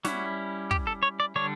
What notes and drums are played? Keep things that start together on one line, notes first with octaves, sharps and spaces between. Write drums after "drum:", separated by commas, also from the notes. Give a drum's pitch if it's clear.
G3 C#4 E4 F#4, drum: snare
G4, drum: kick
A4
C#5
D5
D3 G3 D4 C#5